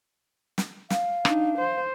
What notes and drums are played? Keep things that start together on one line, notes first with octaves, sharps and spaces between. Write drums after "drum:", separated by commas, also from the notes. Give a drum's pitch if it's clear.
drum: snare
F5, drum: snare
D4 D#4, drum: rim click
C5